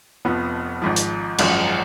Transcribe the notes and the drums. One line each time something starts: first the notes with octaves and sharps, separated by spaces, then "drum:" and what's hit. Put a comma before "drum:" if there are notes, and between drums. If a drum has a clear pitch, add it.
F1 F2 F3 B3
G#1 G#2 F3
drum: hi-hat
G#1 F#2 F3 G#3, drum: cymbal